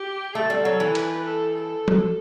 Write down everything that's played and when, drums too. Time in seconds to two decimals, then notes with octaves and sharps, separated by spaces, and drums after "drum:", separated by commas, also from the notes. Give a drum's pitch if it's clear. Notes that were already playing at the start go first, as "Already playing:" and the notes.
Already playing: G4
0.35 A3 A4
0.50 G3
0.65 F#3
0.80 E3
0.95 B4, drum: cymbal
1.25 A4
1.54 A4
1.88 drum: tom F3